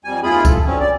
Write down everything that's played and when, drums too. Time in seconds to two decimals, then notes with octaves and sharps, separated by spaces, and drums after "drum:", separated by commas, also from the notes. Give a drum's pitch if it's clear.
0.05 F2 G3 G#5
0.23 D#2 E4 F4 G#4 B5
0.45 A4, drum: kick C2, tambourine
0.65 D3 F#3 C4 C#4
0.80 D5